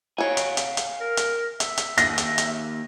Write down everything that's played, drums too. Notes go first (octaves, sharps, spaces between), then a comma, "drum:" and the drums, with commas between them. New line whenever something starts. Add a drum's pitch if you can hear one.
F#4 C#5 F5 G#5
drum: hi-hat
drum: hi-hat
drum: hi-hat
A#4
drum: hi-hat
E5, drum: hi-hat
drum: hi-hat
D#2 A#6, drum: hi-hat
drum: hi-hat
drum: hi-hat